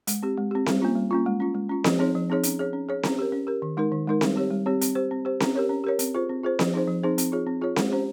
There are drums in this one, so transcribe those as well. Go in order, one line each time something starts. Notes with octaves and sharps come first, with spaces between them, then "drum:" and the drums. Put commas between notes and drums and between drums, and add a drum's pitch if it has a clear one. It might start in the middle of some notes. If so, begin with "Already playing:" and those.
G#3, drum: hi-hat
C4 G4
G#3
C4 G4
G3, drum: snare C4
A#3 C#4 F4
G3
A#3 C#4 F4
G#3
C#4 F4
G#3
C#4 F4
F3, drum: snare C4
C4 D#4 G#4 C#5
F3
C4 D#4 G#4 C#5
C#4, drum: hi-hat
G#4 C#5
C#4
G#4 C#5
C#4, drum: snare C4
G4 A#4
C#4
G4 A#4
D#3
G#3 D#4 A#4
D#3
G#3 D#4 A#4
G3, drum: snare C4
C4 G4 C#5
G3
C4 G4 C#5
C4, drum: hi-hat
G4 C5
C4
G4 C5
C#4, drum: snare C4
G4 A#4 C#5
C#4
G4 A#4 C#5
C4, drum: hi-hat
F4 G#4 C5
C4
F4 G#4 C5
F3, drum: snare C4
C4 D#4 G#4 C5
F3
C4 D#4 G#4 C5
C4, drum: hi-hat
F4 G#4 C#5
C4
F4 G#4 C#5
G#3, drum: snare C4
C#4 G4 C5